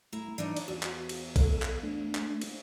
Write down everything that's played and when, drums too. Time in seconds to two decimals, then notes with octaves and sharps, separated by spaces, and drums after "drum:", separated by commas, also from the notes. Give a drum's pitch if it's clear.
0.13 A3 E4 A#5
0.38 E3 D4 D#4 D5
0.57 drum: cymbal
0.68 E2 F#4
0.83 drum: clap
1.09 drum: cymbal
1.36 A4, drum: kick A#1, cymbal
1.62 drum: clap
1.83 A3 D4
2.15 drum: clap
2.41 drum: cymbal